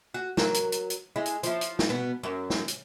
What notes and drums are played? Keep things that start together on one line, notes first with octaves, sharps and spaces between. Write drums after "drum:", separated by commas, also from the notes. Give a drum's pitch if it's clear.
F#4
F#3 A#4, drum: snare
drum: hi-hat
drum: hi-hat
drum: hi-hat
G#3 E4
drum: hi-hat
F3 E4, drum: hi-hat
drum: hi-hat
drum: snare
B2 B3
F#2
drum: snare
drum: hi-hat